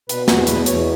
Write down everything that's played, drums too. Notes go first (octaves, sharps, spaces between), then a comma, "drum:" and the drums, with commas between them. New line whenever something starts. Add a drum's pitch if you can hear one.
B2 B4, drum: hi-hat
E2 F#4, drum: snare
B2 B4, drum: hi-hat
E2 C#5, drum: hi-hat